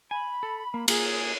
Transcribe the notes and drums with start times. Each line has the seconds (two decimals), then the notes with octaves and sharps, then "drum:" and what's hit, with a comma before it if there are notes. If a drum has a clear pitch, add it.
0.11 G#5 B5
0.43 A4
0.74 A#3
0.88 A#3 F4 G#4, drum: cymbal